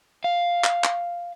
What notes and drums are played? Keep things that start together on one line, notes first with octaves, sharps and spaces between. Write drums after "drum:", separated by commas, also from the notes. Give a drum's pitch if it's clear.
F5
drum: clap
drum: clap